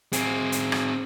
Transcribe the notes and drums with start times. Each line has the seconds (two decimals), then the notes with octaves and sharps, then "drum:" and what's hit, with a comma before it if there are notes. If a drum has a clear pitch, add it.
0.13 C4 G#4, drum: hi-hat
0.52 drum: hi-hat
0.72 drum: rim click